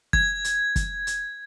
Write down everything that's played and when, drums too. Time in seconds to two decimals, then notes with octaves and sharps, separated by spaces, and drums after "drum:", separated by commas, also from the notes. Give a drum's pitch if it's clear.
0.13 G#6, drum: kick
0.44 drum: hi-hat
0.76 drum: kick, hi-hat
1.07 drum: hi-hat